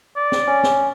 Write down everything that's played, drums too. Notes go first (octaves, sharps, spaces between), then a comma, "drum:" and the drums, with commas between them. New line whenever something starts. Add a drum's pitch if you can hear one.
D5
drum: snare
C#4
drum: snare